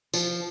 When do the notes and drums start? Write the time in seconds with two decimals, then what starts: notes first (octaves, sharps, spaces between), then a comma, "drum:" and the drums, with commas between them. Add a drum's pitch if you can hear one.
0.14 F3, drum: tambourine